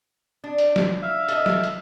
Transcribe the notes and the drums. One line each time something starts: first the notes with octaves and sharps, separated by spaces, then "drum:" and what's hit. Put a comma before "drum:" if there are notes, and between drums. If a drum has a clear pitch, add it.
D4
drum: hi-hat
drum: snare
E5 F5
A4 D#5, drum: hi-hat
drum: snare
drum: hi-hat